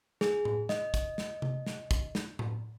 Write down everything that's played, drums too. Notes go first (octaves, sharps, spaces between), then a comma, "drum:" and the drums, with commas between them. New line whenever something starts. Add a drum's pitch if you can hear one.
G#4, drum: snare
drum: tom A2
D#5, drum: snare
drum: kick, hi-hat
drum: snare
drum: tom C3
drum: snare
drum: kick, hi-hat
drum: snare
drum: tom A2